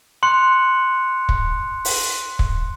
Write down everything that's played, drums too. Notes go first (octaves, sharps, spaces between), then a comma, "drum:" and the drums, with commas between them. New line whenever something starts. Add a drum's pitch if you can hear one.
C6 F#6 C#7 F7
drum: kick
drum: open hi-hat
drum: kick